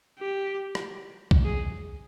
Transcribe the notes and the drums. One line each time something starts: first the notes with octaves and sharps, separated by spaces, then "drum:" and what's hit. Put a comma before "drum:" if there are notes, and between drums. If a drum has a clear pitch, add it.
G4
drum: rim click
drum: kick
G#4